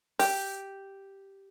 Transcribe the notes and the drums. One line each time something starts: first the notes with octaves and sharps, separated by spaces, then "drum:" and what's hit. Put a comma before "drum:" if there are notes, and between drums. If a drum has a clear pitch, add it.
G4, drum: open hi-hat